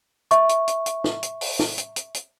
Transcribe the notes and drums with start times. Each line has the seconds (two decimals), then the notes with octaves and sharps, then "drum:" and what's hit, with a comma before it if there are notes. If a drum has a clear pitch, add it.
0.31 E5 C#6, drum: hi-hat
0.49 drum: hi-hat
0.68 drum: hi-hat
0.86 drum: hi-hat
1.04 drum: snare
1.23 drum: hi-hat
1.41 drum: open hi-hat
1.59 drum: snare
1.78 drum: hi-hat
1.96 drum: hi-hat
2.14 drum: hi-hat